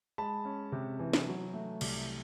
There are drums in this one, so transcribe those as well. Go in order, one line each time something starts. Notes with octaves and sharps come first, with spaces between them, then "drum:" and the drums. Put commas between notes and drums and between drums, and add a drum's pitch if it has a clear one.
G#3 A5 B5
C#4
C3
E3
drum: snare
F#3
A3
C2, drum: cymbal